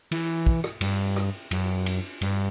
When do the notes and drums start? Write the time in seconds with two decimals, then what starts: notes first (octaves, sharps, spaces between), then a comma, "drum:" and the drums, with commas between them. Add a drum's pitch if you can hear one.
0.11 E3, drum: cymbal
0.46 drum: kick
0.64 drum: rim click
0.81 G2, drum: cymbal
1.16 drum: rim click
1.51 F#2, drum: cymbal
1.86 drum: cymbal
2.21 G2, drum: cymbal